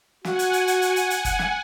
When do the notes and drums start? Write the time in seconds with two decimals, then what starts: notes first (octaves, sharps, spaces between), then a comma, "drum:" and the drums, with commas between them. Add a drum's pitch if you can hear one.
0.25 F#4 F#5 G#5, drum: snare
0.39 drum: hi-hat
0.53 drum: hi-hat
0.67 drum: hi-hat
0.82 drum: hi-hat
0.96 drum: hi-hat
1.10 drum: hi-hat
1.25 drum: kick F#1, hi-hat
1.39 drum: snare